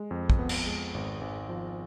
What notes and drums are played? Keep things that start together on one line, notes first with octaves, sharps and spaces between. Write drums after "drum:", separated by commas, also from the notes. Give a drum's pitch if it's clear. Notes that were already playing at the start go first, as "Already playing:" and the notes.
Already playing: G#3
F2
drum: kick
B3
drum: cymbal
G#3
G#1
G#1
F3